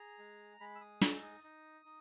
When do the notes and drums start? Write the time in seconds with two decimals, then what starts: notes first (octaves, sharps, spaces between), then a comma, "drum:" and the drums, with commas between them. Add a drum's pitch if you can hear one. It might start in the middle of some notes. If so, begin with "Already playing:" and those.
Already playing: G#4 A#5
0.19 G#3
0.60 G#3 B5
0.75 E6
0.81 D#6
1.01 D#4 E6, drum: snare
1.23 D#6
1.44 D#4
1.85 D#4